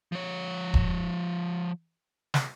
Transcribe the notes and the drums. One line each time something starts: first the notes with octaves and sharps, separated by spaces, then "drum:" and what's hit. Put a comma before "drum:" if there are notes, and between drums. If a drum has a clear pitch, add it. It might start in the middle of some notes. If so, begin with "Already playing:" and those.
F3 C#5
drum: kick
drum: snare